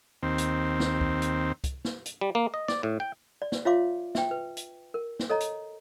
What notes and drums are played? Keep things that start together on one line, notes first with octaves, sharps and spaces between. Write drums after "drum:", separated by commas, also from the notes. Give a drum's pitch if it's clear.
D#2 C4
drum: hi-hat
drum: snare
drum: kick
drum: hi-hat
drum: kick, hi-hat
drum: snare
drum: hi-hat
G3
A#3
D#5
D5, drum: snare
A2
G5
D5
drum: snare
F4 C#5 E5 F5 C6 D6
E5 G5, drum: snare
B4
drum: hi-hat
A#4
drum: snare
A4 C#5 D#5 A#5
drum: hi-hat